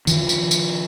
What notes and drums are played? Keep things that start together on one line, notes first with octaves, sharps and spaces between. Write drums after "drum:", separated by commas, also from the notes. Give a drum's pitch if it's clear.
D#3 F3, drum: tambourine
drum: tambourine
drum: tambourine